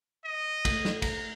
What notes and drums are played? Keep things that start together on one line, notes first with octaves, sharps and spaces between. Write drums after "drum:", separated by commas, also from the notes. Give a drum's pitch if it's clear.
D#5
A3, drum: kick, cymbal
drum: snare
A#5, drum: kick, cymbal